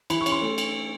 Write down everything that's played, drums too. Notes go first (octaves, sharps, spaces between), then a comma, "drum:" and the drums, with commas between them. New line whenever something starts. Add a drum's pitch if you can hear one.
E3 B5, drum: cymbal
C#6
C#4, drum: cymbal
C6
A3
drum: cymbal